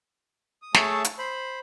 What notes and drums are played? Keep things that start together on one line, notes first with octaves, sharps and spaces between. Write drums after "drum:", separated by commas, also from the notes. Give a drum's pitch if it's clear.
D#6
A3 G#4 C#5 E5 A5, drum: snare
drum: hi-hat
C5 B5